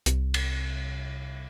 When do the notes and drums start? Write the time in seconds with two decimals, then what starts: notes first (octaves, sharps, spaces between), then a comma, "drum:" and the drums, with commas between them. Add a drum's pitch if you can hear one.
0.06 C2, drum: hi-hat
0.34 drum: cymbal